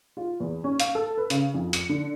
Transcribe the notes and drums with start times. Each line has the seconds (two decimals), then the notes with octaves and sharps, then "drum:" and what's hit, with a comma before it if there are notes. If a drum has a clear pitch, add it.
0.17 F4
0.40 E2
0.64 C#4
0.80 F5, drum: hi-hat
0.95 A4
1.18 B4
1.30 C#3, drum: hi-hat
1.54 F2
1.73 C#7, drum: hi-hat
1.89 D3